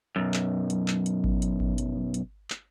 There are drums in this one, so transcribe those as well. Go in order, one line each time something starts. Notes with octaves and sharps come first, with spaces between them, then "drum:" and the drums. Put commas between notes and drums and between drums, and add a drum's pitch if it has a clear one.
B1 F#2
drum: clap
drum: hi-hat
drum: clap
drum: hi-hat
drum: kick G#1
drum: hi-hat
drum: kick G#1
drum: hi-hat
drum: hi-hat
drum: clap